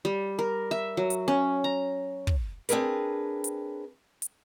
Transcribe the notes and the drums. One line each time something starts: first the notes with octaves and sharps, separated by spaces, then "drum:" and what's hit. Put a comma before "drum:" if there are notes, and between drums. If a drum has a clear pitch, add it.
G3
A#4
E5
F#3
drum: hi-hat
C#4
A#5
drum: kick
C4 D4 G#4 A#4 B4, drum: hi-hat
drum: hi-hat
drum: hi-hat